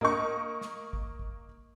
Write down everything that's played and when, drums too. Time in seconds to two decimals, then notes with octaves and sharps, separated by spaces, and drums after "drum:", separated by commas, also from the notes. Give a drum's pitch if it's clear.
0.01 A#3 D#5 C#6, drum: tom A2
0.61 drum: snare
0.93 drum: kick G#1
1.19 drum: kick G#1